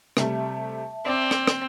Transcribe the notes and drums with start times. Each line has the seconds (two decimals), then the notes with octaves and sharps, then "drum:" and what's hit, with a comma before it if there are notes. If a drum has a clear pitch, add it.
0.17 C3 G3 A3 E5 A5, drum: rim click
1.06 C4 D5 D6
1.31 drum: rim click
1.47 drum: rim click